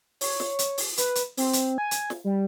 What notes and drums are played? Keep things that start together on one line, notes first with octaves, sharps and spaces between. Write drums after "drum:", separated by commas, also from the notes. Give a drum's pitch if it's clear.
C#5, drum: open hi-hat
drum: snare
drum: hi-hat
drum: open hi-hat
B4, drum: hi-hat
drum: hi-hat
C4, drum: open hi-hat
drum: hi-hat
G#5
drum: hi-hat
drum: snare
G3